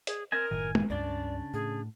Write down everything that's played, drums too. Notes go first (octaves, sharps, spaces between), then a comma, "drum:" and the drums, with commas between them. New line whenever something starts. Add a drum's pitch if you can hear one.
G#4, drum: hi-hat
C4 A#4 D#5 G#5
F#1 A2 D#3 G#5
drum: tom G#3
C#2 G2 C#3 D4 D5
A2 G#4